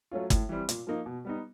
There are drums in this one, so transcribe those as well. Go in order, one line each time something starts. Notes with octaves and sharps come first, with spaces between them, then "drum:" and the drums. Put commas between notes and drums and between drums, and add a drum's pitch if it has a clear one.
F#3 A3 C#4 F4
A2, drum: kick, hi-hat
E3 G3 C4
A#2, drum: hi-hat
F3 A#3 D#4
B2
G3 B3 D#4